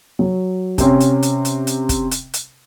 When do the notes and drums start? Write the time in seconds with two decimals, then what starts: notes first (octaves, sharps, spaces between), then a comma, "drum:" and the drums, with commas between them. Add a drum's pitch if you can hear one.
0.19 F#3
0.78 C3 C4 C#4, drum: kick, hi-hat
1.00 drum: hi-hat
1.23 drum: hi-hat
1.45 drum: hi-hat
1.67 drum: hi-hat
1.89 drum: kick, hi-hat
2.11 drum: hi-hat
2.34 drum: hi-hat